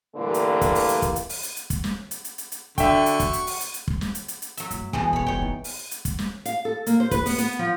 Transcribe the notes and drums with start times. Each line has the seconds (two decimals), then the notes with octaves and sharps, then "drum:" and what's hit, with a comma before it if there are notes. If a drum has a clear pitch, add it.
0.16 G2 A#2 D3 E3 A3 A#3
0.34 drum: hi-hat
0.61 drum: kick, hi-hat
0.75 drum: open hi-hat
0.89 drum: hi-hat
1.02 drum: kick, hi-hat
1.16 drum: hi-hat
1.29 drum: open hi-hat
1.43 drum: hi-hat
1.57 drum: hi-hat
1.70 drum: kick, hi-hat
1.84 drum: snare
2.11 drum: hi-hat
2.24 drum: hi-hat
2.38 drum: hi-hat
2.52 drum: hi-hat
2.78 D3 F#4 E5 G5 C#6, drum: kick, hi-hat
3.06 drum: hi-hat
3.20 drum: kick, hi-hat
3.33 drum: hi-hat
3.47 drum: open hi-hat
3.60 drum: hi-hat
3.74 drum: hi-hat
3.88 drum: kick
4.01 drum: snare
4.15 drum: hi-hat
4.28 drum: hi-hat
4.42 drum: hi-hat
4.57 F#3 E5, drum: hi-hat
4.71 G2 A3, drum: hi-hat
4.93 C2 B2 E3 G#3, drum: kick
5.13 B2 C#5 B5
5.26 F1 F#2 C#5 G5
5.42 D#4
5.64 drum: open hi-hat
5.91 drum: hi-hat
6.05 drum: kick, hi-hat
6.19 drum: snare
6.45 F5, drum: hi-hat
6.65 A4
6.86 A#3, drum: hi-hat
7.00 C5
7.11 B4, drum: kick, hi-hat
7.26 B3, drum: open hi-hat
7.38 B3, drum: hi-hat
7.59 F3